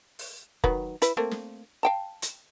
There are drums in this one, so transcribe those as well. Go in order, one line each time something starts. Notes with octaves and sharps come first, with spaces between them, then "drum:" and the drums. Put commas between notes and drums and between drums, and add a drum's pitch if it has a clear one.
drum: open hi-hat
D#3 F#3 B4, drum: kick F1
E4 B4, drum: hi-hat
A3 A#3 C4
drum: snare
F5 G5 A5
drum: hi-hat